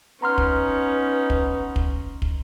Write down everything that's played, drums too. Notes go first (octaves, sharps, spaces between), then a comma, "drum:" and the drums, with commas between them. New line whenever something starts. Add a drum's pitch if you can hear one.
B3 C#4 D#4 A#5 C6 F6
drum: kick
drum: kick
drum: kick
drum: kick